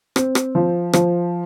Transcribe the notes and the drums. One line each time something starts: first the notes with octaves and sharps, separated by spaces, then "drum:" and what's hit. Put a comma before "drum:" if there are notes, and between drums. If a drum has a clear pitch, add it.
C4, drum: rim click
drum: rim click
F3
F3, drum: rim click